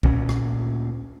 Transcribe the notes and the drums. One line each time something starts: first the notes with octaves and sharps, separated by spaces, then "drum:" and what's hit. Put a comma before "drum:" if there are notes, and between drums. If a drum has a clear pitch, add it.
D2 A#2 C#4, drum: kick
drum: rim click